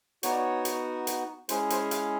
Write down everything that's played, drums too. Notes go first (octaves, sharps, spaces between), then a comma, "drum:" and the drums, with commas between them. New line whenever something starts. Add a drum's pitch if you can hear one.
B3 D#4 F#4 C#5, drum: hi-hat
D5
C#5
drum: hi-hat
drum: hi-hat
G#3 C#4 E4 G#4 C5, drum: hi-hat
C5, drum: hi-hat
F5, drum: hi-hat